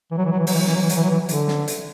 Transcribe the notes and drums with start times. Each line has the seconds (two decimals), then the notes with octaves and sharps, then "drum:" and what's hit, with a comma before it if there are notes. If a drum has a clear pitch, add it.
0.11 E3
0.17 F#3
0.25 E3
0.32 F#3
0.39 E3
0.47 F#3, drum: open hi-hat
0.53 E3
0.61 F#3
0.67 E3, drum: snare
0.75 F#3
0.81 E3
0.89 F#3, drum: hi-hat
0.95 E3
1.04 F#3
1.11 E3
1.29 D3, drum: hi-hat
1.48 drum: snare
1.68 drum: hi-hat